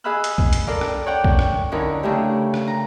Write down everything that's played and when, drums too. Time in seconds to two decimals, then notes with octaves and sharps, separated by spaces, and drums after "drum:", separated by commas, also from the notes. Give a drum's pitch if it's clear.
0.04 G#4 D#5 F5 B5 E6 F#6
0.24 drum: hi-hat
0.38 drum: kick B1
0.53 drum: hi-hat
0.67 A4 A#4 D5 F5 A#5
0.81 drum: rim click
1.06 C#5 D5 F#5 G5 C#6
1.24 drum: kick B1
1.39 drum: rim click
1.72 D3 F#3 C#4 D#4 E4 A#4
2.03 C#3 A3 D4 E4 G4 A#4
2.54 drum: rim click
2.67 A#5